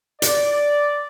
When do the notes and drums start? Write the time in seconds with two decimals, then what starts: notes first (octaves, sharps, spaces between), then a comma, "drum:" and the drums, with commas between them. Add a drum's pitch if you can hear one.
0.22 D5, drum: hi-hat